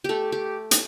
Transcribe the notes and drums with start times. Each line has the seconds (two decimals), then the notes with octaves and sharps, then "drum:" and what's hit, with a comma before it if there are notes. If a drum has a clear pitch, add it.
0.04 A3 G4 A4
0.32 G4
0.71 drum: hi-hat